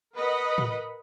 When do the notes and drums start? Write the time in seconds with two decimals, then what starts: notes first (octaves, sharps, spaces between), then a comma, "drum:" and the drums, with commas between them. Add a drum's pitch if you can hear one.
0.16 A#4 B4 D#5 F#5 B5
0.58 drum: tom A2